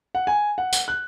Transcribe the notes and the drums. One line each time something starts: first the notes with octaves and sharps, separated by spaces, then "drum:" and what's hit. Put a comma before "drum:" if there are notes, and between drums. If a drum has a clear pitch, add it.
F#5
G#5
F#5
drum: tambourine
F#6